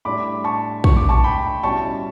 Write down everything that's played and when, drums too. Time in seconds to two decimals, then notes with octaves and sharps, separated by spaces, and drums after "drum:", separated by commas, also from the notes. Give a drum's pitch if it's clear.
0.05 A2 G3 D4 B5 D6
0.44 A5 C#6
0.84 C#6, drum: kick
0.97 D6
1.09 A5 C#6
1.24 G5 B5
1.63 B2 G3 C#4 E4 A5 C#6